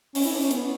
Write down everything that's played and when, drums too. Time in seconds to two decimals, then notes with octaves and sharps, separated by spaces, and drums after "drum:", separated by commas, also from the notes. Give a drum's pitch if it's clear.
0.15 C#4, drum: open hi-hat
0.25 E4
0.32 D4
0.41 C#4
0.51 B3, drum: hi-hat